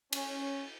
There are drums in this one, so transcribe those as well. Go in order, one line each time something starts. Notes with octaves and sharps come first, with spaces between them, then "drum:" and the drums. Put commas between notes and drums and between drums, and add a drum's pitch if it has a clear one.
C#4, drum: cymbal